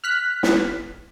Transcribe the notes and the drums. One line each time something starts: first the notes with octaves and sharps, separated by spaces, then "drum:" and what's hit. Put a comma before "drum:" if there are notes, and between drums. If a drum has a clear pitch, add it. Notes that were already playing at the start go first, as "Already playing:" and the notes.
F6 F#6 B6
drum: snare